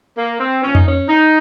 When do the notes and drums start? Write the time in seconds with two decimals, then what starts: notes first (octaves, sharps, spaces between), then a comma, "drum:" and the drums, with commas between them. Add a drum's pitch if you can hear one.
0.17 A#3
0.40 C4
0.63 A#2 F3 C#4
0.75 D#4, drum: tom F2
0.87 C#4
1.09 D#4